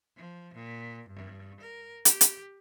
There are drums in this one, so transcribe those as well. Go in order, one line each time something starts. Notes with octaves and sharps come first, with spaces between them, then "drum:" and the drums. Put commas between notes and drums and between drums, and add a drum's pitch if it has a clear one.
F3
A#2
G2
A#4
G4, drum: hi-hat
drum: hi-hat